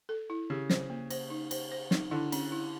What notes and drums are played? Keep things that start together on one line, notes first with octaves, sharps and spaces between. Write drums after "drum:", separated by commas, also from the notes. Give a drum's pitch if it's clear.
A4
E4
C#3 G4
C5, drum: snare
A#3
C5, drum: cymbal
D#4
C5, drum: cymbal
C5
D#4, drum: snare
D3 E4
C#4, drum: cymbal
E4